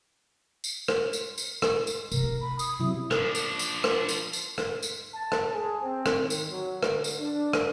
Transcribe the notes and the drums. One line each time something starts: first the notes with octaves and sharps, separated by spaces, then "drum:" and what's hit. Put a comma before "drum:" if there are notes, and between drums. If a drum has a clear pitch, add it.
drum: tambourine
drum: rim click
drum: tambourine
drum: tambourine
drum: rim click
drum: tambourine
C3 A#4, drum: tambourine
D#4
B5
D#6, drum: tambourine
C3 F#3 E4
F3 D4, drum: rim click
drum: tambourine
drum: tambourine
drum: rim click
drum: tambourine
drum: tambourine
drum: rim click
drum: tambourine
A5
drum: rim click
G#4
C4
drum: rim click
D#3
drum: tambourine
F#3
D3, drum: rim click
drum: tambourine
D4
drum: rim click